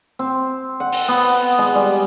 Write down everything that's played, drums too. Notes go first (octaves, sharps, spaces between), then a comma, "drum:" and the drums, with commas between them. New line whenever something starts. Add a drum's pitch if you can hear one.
C4
F#5
drum: open hi-hat
B3
G#3
G3